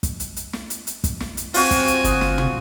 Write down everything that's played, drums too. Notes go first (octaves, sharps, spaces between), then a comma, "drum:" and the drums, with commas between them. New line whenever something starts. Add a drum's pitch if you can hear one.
drum: kick, hi-hat
drum: hi-hat
drum: hi-hat
drum: snare
drum: hi-hat
drum: hi-hat
drum: kick, hi-hat
drum: snare
drum: hi-hat
C4 F4 F#4 G#5, drum: open hi-hat
drum: kick, hi-hat
drum: hi-hat
G1 D#6, drum: hi-hat
drum: snare
drum: tom